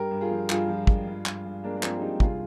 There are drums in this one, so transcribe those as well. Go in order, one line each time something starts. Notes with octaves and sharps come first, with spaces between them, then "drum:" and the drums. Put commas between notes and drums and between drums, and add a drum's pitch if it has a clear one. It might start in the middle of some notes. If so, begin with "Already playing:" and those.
Already playing: G2 G4 A#4
G2
F4 G#4
F3
G2 F4 G#4, drum: clap
F3
G#3, drum: kick
G2
G2, drum: clap
G2
G#3 A#3 D4
A#3
F3 C4, drum: clap
G#4
G2 D#4 G4
C2 F4 G#4, drum: kick